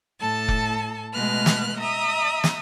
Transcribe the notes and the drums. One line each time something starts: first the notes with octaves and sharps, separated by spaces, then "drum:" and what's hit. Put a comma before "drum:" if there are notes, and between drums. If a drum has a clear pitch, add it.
A2 A4 A5
drum: kick F1
B2 G#3 A3 B4 F6 F#6
drum: snare
D#5 E5 A#5 D#6
drum: snare